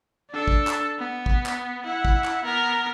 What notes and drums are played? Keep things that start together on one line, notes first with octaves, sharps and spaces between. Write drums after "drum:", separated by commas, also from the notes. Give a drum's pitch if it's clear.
D4 A4
drum: kick
drum: clap
B3
drum: kick
drum: clap
E4 F#5
drum: kick
drum: clap
B3 A#4